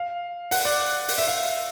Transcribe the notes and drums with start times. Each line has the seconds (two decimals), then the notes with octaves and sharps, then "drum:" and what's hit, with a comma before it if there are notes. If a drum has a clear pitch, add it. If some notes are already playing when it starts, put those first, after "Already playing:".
Already playing: F5
0.51 F#5, drum: open hi-hat
0.65 D5
1.08 drum: open hi-hat
1.18 E5
1.27 F5